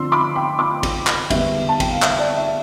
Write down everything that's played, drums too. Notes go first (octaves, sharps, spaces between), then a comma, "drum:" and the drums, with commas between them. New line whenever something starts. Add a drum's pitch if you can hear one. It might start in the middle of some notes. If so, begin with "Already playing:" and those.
Already playing: D3 F3 C4 C6 E6
B5 D6
G5 B5
B5 D6
drum: kick G#1, cymbal
drum: clap
D3 G3 B3 E5, drum: kick G#1, cymbal
A5
G5, drum: kick G#1, cymbal
F5
E5, drum: clap
D5
E5